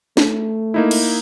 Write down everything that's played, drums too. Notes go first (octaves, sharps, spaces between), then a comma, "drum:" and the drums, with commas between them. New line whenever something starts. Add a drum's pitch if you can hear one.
A3, drum: snare
A#3 D#4 E4
drum: cymbal